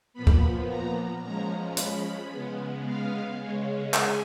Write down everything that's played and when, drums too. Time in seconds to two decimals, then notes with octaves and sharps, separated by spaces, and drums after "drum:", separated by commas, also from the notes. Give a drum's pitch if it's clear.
0.14 A#2 F3 B3 B5
0.27 drum: kick D2
0.68 A#5
1.22 F3 G#3 C#4 A#5
1.77 B5, drum: hi-hat
2.31 C#3 G#3 B3
2.85 F5
3.39 C#3 G#3 C#4
3.94 G#5, drum: clap